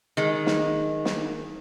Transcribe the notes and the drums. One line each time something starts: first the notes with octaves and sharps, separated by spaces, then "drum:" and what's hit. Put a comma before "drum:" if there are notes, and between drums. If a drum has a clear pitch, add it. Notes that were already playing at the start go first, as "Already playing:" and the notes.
D#3 G#3
drum: snare
drum: snare